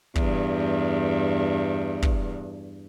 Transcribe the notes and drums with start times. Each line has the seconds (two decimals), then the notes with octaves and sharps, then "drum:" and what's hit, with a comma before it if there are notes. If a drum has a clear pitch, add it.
0.15 E2 G2, drum: kick
2.02 drum: kick